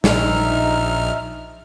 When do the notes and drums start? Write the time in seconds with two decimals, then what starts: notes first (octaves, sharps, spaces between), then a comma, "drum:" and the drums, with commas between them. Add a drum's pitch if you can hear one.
0.04 A#1 D#4 E5 F6, drum: snare